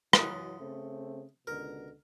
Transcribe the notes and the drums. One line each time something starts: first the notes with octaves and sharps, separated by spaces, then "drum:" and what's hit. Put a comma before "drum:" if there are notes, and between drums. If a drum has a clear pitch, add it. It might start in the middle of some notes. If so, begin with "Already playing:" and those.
E3 F#3 D#5 F#5, drum: rim click
C#3 A3 C4
C#2 B2 D3 A#4